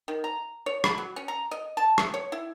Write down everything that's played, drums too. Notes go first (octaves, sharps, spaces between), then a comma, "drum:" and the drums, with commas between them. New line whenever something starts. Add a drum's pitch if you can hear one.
D#3
A#5
C#5
B5, drum: rim click
F#3
C#4
A#5
D#5
A5
E5, drum: rim click
C#5
E4